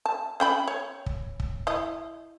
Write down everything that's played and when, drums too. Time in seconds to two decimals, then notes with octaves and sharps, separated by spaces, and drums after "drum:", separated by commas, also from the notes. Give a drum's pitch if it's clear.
0.06 A5
0.40 C#4 G5 B5
0.68 C#5
1.06 drum: kick
1.40 drum: kick
1.67 E4 D#5